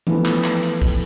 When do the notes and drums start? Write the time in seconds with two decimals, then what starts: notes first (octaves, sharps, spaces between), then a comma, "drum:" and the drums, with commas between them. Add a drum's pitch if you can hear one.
0.07 E3 F3 A3 B3, drum: tom E3
0.25 drum: clap
0.44 drum: clap
0.63 drum: hi-hat
0.82 drum: kick, open hi-hat